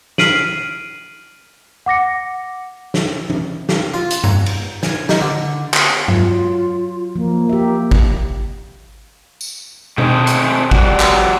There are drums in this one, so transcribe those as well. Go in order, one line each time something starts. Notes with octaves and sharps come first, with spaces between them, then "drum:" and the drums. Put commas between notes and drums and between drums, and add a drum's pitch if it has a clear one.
F6 B6 C7 D7 D#7 F#7, drum: snare
F#5 D6 A#6 C#7
drum: snare
drum: tom
drum: snare
F4
drum: hi-hat
A#5, drum: tom G2
drum: cymbal
G#5, drum: snare
D#4, drum: snare
D3
drum: clap
F#3 F4, drum: tom G2
F3 A#3
G4 E5
drum: kick
drum: tambourine
A3 C4 G#4 C5 D#5, drum: tom B2
drum: hi-hat
G3 F#4, drum: kick
drum: clap